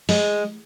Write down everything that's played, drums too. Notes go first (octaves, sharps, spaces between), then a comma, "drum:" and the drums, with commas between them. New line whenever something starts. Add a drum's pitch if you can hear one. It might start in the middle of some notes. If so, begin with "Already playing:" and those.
G#3, drum: open hi-hat